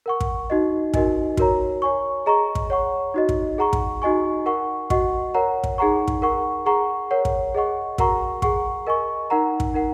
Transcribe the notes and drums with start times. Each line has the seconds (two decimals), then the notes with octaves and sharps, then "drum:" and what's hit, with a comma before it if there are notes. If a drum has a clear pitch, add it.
0.06 A#4 F#5 C#6
0.20 drum: kick
0.50 D#4 F#4 D#5
0.94 D#4 F#4 A#4 D#5 G#5, drum: kick
1.37 F#4 A#4 C#5 A#5, drum: kick
1.82 C#5 G#5 C#6
2.26 G#4 D#5 A#5 C#6
2.55 drum: kick
2.70 C#5 F#5 C#6
3.14 D#4 F#4 D#5
3.29 drum: kick
3.58 G#4 F#5 A#5 C#6
3.73 drum: kick
4.02 D#4 F#4 D#5 G#5 C#6
4.46 A#4 F#5 C#6
4.90 F#4 D#5 F#5 C#6, drum: kick
5.34 A#4 C#5 F#5 A#5
5.64 drum: kick
5.78 D#4 G#4 F#5 A#5 C#6
6.08 drum: kick
6.22 A#4 F#5 C#6
6.66 G#4 F#5 A#5 C#6
7.11 A#4 C#5 F#5
7.25 drum: kick
7.54 G#4 D#5 F#5 C#6
7.98 F#4 A#4 F#5 A#5 C#6, drum: kick
8.42 G#4 F#5 C#6, drum: kick
8.87 A#4 D#5 G#5 C#6
9.30 D#4 A#4 F#5 A#5
9.60 drum: kick
9.74 D#4 A#4 F#5